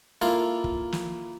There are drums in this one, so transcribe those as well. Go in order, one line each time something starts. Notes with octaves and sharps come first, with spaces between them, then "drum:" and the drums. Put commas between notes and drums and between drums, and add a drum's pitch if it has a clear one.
A#3 E4 F4 A4 F5
drum: kick
drum: snare